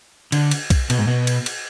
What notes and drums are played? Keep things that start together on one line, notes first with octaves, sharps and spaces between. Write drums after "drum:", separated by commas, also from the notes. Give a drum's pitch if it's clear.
D3, drum: cymbal
drum: cymbal
drum: kick B1, cymbal
B2, drum: cymbal
G#2
B2
drum: cymbal
drum: cymbal